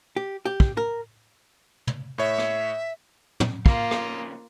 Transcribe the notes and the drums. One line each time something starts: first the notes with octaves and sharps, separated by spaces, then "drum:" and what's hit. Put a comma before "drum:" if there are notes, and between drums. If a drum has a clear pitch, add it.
G4
G4
drum: kick
A#4
drum: tom
A2 C#5 E5
drum: rim click
drum: tom
F3 A#3 F4 F5, drum: kick
drum: rim click
F2 C#3